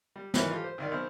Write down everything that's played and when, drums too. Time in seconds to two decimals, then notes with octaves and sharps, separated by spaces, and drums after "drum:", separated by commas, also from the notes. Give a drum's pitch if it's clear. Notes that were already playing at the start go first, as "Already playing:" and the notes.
0.16 G3
0.34 D#3 E3 F#3 E4 B4 C#5, drum: snare
0.50 F4 G4 A4
0.64 C5
0.78 C2 D#3 D5
0.92 B1 C4 F6